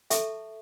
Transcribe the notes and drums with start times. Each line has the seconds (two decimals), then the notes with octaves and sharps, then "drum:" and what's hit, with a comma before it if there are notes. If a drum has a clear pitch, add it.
0.10 A4 E5 A5 C#6, drum: hi-hat